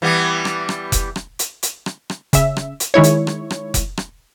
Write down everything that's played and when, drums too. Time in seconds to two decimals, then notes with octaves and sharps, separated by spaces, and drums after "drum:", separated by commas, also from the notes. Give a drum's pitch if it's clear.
0.02 E3 G3 B3
0.45 drum: rim click
0.69 drum: rim click
0.92 drum: kick F1, hi-hat
1.16 drum: rim click
1.39 drum: hi-hat
1.63 drum: hi-hat
1.86 drum: rim click
2.10 drum: rim click
2.33 C#3 E5, drum: kick F1, hi-hat
2.57 drum: rim click
2.80 drum: hi-hat
2.94 D#3 G#3 E4 C#5
3.04 drum: hi-hat
3.27 drum: rim click
3.50 drum: rim click
3.74 drum: kick F1, hi-hat
3.97 drum: rim click